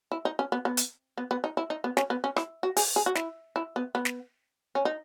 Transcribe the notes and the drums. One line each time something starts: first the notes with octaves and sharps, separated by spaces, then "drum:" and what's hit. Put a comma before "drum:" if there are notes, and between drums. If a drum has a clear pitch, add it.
E4
D#4
C#4
B3
B3
drum: hi-hat
B3
B3
D#4
E4
D#4
B3
C#4, drum: snare
B3
C#4
E4, drum: rim click
F#4
G#4, drum: open hi-hat
G#4
F#4
E4, drum: snare
E4
B3
B3
drum: snare
C#4
D#4